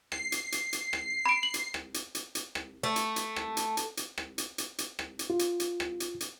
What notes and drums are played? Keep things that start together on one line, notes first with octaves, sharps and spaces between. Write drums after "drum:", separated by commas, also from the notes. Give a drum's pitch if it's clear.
C7, drum: rim click
drum: hi-hat
drum: hi-hat
drum: hi-hat
drum: rim click
B5 D7
F#7
drum: hi-hat
drum: rim click
drum: hi-hat
drum: hi-hat
drum: hi-hat
drum: rim click
A3
drum: hi-hat
drum: hi-hat
drum: rim click
drum: hi-hat
drum: hi-hat
drum: hi-hat
drum: rim click
drum: hi-hat
drum: hi-hat
drum: hi-hat
drum: rim click
drum: hi-hat
F4
drum: hi-hat
drum: hi-hat
drum: rim click
drum: hi-hat
drum: hi-hat